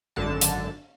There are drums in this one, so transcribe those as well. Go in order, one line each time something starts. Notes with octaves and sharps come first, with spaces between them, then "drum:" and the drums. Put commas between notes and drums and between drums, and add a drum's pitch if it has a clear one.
G#1 F#2 D3 A5
drum: hi-hat